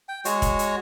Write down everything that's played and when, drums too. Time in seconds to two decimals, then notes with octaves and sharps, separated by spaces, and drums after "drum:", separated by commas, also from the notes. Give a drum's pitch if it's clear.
0.09 G5
0.25 G#3 F#4 C#5, drum: hi-hat
0.42 drum: kick E1, hi-hat
0.59 drum: hi-hat